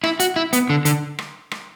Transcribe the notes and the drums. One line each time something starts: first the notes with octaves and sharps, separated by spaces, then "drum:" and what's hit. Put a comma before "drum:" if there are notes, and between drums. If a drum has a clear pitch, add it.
E4, drum: rim click
F#4, drum: hi-hat
E4
B3, drum: hi-hat
D3
D3, drum: hi-hat
drum: rim click
drum: rim click